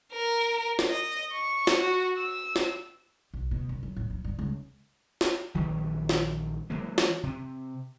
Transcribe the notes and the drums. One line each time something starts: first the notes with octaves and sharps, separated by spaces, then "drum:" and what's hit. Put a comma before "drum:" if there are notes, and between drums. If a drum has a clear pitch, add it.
A#4
drum: snare
D#5
C#6
drum: snare
F#4
E6
drum: snare
B1
B2
F#2
F#3
A2
F3
G2
C#2
drum: snare
A#1 D#3 F#3 G3
drum: snare
E3 F#3 G#3 A#3
drum: snare
C3